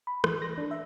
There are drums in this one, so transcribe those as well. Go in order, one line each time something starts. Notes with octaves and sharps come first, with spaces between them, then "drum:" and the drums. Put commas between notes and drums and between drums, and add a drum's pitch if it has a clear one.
B5
E3, drum: rim click
A#6
D4
E5